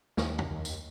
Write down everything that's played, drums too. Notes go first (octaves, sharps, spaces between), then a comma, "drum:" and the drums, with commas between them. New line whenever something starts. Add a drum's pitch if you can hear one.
D#2, drum: snare
drum: tom
D#2
drum: tambourine